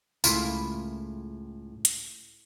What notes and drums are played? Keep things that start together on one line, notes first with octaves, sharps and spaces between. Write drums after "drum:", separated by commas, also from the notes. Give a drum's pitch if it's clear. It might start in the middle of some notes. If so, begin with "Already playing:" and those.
C#2 A2 A#3 E4 F4, drum: tambourine
drum: hi-hat